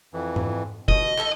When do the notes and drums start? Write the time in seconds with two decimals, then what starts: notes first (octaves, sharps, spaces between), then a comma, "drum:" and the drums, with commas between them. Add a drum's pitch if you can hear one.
0.14 F2 E3
0.36 drum: tom G#2
0.88 B2 D#5, drum: kick
1.18 A4, drum: clap